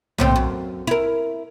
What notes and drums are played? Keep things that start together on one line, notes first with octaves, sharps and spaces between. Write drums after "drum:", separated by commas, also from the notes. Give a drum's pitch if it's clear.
D#2 A2 C4, drum: tom
F#2
E4 A#4